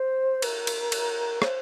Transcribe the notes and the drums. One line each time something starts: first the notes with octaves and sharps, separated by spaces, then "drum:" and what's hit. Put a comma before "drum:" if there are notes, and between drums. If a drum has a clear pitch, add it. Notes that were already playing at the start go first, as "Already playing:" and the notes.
Already playing: C5
A#4, drum: cymbal
drum: cymbal
drum: cymbal
C5, drum: rim click